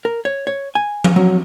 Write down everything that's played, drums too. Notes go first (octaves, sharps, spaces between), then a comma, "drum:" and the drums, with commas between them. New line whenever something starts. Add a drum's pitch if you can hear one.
A#4
C#5
C#5
G#5
drum: tom F3
F#3